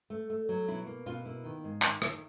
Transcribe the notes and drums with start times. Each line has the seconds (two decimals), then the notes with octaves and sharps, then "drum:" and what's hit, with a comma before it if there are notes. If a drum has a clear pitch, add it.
0.10 A3
0.30 A3
0.49 F#3
0.68 B2 E4
0.86 A#3
1.06 B2 F4
1.25 A#3 E4
1.44 D#3
1.64 G#2
1.82 D#3, drum: clap
2.02 D#3, drum: rim click